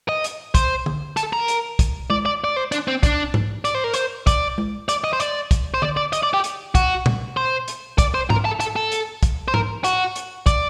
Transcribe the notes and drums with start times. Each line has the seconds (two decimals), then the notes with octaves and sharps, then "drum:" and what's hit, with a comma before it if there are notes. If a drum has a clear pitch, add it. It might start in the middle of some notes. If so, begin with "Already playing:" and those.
0.09 D#5
0.24 drum: hi-hat
0.55 C5, drum: kick, hi-hat
0.86 drum: tom D3
1.17 A4, drum: hi-hat
1.33 A#4
1.48 drum: hi-hat
1.79 drum: kick, hi-hat
2.10 D5, drum: tom G#3
2.26 D5
2.44 D5
2.56 C5
2.72 D4, drum: hi-hat
2.88 C4
3.03 D4, drum: kick, hi-hat
3.34 drum: tom G#2
3.65 D5, drum: hi-hat
3.75 C5
3.84 A#4
3.94 C5, drum: hi-hat
4.27 D5, drum: kick, hi-hat
4.58 drum: tom G#3
4.89 D5, drum: hi-hat
5.04 D#5
5.13 C5
5.20 D5, drum: hi-hat
5.51 drum: kick, hi-hat
5.74 C5
5.82 D5, drum: tom D3
5.97 D5
6.13 D#5, drum: hi-hat
6.23 D5
6.34 G4
6.44 drum: hi-hat
6.75 F#4, drum: kick, hi-hat
7.06 drum: tom A#2
7.37 C5
7.68 drum: hi-hat
7.98 D5, drum: kick, hi-hat
8.14 C5
8.30 A#4, drum: tom G#2
8.45 A4
8.60 A4, drum: hi-hat
8.76 A4
8.92 drum: hi-hat
9.23 drum: kick, hi-hat
9.48 C5
9.54 A#4, drum: tom G#2
9.84 F#4, drum: hi-hat
10.16 drum: hi-hat
10.46 D5, drum: kick, hi-hat